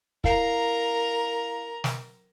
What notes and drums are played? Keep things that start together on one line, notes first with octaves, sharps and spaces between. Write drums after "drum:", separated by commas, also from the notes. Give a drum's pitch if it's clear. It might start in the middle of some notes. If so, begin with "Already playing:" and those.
E4 A#4 F5 A#5 C7, drum: kick
drum: snare